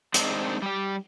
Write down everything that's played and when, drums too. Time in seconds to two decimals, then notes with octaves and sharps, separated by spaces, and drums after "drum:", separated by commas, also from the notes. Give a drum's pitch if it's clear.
0.14 G#3 C4 D4 D#4, drum: hi-hat
0.62 G3 G4